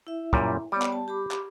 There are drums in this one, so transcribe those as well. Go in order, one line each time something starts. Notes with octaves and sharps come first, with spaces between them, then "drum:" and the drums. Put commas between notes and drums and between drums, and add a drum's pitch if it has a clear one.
E4 E5
F#2 A#2 G3, drum: kick
G3 B3 C#5 D5
drum: clap
A5
G4 B5 D6
drum: clap